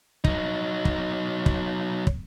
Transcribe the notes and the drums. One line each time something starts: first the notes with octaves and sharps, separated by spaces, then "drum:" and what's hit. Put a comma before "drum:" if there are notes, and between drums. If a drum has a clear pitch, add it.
F#3 D#4, drum: kick
drum: kick
drum: kick
drum: kick